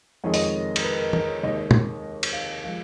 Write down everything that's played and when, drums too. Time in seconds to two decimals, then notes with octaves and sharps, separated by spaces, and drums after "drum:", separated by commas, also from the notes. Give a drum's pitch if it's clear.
0.24 F2 D#3 G#3 C#5
0.34 D#5, drum: open hi-hat
0.43 C#5
0.76 A#4, drum: cymbal
0.84 B4
0.99 A#4
1.13 A#4, drum: tom
1.28 C#5
1.43 D#2 D#3 G#3 D#5
1.58 D#5
1.71 drum: tom
2.23 drum: cymbal
2.33 F5
2.64 F3 G#3 F5